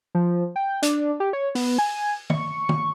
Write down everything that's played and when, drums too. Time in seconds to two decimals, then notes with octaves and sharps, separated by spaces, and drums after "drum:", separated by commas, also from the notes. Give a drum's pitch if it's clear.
0.15 F3
0.56 G5
0.82 D4, drum: hi-hat
1.20 G4
1.33 C#5
1.55 B3, drum: open hi-hat
1.79 G#5
2.30 C#6, drum: tom
2.69 drum: tom